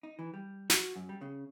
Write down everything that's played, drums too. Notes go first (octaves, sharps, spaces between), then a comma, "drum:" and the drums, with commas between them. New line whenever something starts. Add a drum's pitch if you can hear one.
D#4
E3
G3
F#4, drum: snare
F#2
G3
C#3